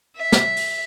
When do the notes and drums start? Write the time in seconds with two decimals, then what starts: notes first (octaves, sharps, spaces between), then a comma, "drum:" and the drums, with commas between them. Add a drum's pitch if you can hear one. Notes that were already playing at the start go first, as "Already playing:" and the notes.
0.17 E5
0.32 drum: snare
0.56 drum: open hi-hat